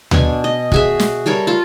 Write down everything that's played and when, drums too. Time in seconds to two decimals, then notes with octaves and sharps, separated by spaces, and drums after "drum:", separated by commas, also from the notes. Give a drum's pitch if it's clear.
0.11 B2 D4 G#5, drum: tom D2
0.44 D#5
0.72 F#4 G#4 E5, drum: kick
0.99 drum: snare
1.26 G3 A4 A#4 C#5
1.47 F4 A4